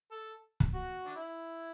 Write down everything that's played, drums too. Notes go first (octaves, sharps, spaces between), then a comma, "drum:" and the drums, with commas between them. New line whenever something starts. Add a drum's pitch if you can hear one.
A4
drum: kick
F#4
D4
E4